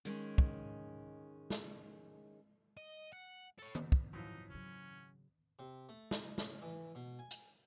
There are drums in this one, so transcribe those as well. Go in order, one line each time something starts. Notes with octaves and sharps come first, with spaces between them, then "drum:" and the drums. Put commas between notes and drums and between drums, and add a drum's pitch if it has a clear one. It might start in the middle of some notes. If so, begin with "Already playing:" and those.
D#3 G#3 C#4
drum: kick
drum: snare
D#5
F#5
A4 C#5
drum: tom D#3
drum: kick
F#2 E3 F3 D#4
C#3 F#3 C#4
C3
A3
D#4, drum: snare
C#4, drum: snare
E3
B2
G#5
drum: hi-hat